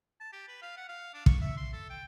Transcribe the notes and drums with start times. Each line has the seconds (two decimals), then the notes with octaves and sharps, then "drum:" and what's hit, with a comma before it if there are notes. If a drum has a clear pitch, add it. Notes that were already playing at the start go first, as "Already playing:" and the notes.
0.21 A5
0.33 G4
0.48 B4
0.62 F5
0.77 F#5
0.89 F5
1.14 D4
1.26 C#6, drum: kick
1.42 E5
1.57 C6
1.73 A4
1.90 G5